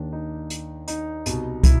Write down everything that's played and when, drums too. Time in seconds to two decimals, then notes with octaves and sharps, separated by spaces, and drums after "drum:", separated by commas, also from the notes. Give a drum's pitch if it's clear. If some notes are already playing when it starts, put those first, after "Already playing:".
Already playing: D#2 D#3 D4
0.13 D#4
0.50 drum: hi-hat
0.88 D#4, drum: hi-hat
1.26 C2 B2, drum: hi-hat
1.64 E4, drum: kick, hi-hat